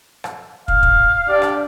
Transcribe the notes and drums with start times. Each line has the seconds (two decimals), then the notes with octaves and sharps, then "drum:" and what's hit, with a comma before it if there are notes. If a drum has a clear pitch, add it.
0.24 drum: rim click
0.68 F5, drum: kick
0.83 drum: kick
1.28 D4 G4 D5
1.42 drum: rim click